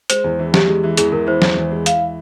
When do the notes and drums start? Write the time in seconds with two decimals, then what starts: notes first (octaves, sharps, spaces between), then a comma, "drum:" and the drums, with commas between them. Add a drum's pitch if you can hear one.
0.10 G#3 C5, drum: hi-hat
0.24 E2
0.39 E3
0.54 E2 G4, drum: snare
0.69 G#3
0.83 E3
0.97 E2 G#4, drum: hi-hat
1.12 E2 A#4
1.27 E3 C5
1.42 E2, drum: snare
1.56 E2
1.71 G#3
1.86 E3 F5, drum: hi-hat